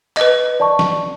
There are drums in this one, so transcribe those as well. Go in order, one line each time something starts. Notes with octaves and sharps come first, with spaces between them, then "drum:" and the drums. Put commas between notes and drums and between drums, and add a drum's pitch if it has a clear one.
B4 D#5, drum: clap
D5 A5 C#6
drum: snare